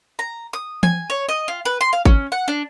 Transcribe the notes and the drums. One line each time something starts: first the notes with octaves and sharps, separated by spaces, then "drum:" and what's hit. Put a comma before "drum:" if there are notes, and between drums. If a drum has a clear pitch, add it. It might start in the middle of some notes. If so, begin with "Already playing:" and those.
A#5
D#6
G#5, drum: tom E3
C#5
D#5
F4
B4
C6
F5
C#4, drum: kick G#1
F#5
D4